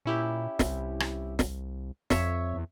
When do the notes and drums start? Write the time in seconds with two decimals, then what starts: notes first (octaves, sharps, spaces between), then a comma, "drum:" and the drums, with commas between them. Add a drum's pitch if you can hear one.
0.05 A#2 C#4 E4 G4
0.59 C2, drum: snare
1.00 drum: rim click
1.39 drum: snare
2.10 F2 C#5 E5, drum: snare
2.54 E2